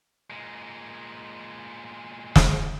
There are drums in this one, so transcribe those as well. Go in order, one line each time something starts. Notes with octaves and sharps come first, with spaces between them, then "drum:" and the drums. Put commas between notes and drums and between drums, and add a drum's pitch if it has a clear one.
A#2 G#3
drum: snare